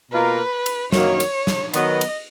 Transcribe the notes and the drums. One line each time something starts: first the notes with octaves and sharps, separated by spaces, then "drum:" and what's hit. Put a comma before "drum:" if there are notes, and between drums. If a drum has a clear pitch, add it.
B2 A#3 F4 A#4 B4
drum: cymbal
F#2 D#3 F#3 A#3 C#5, drum: snare
drum: cymbal
drum: snare
D#3 F#3 B3 D#5, drum: cymbal
drum: cymbal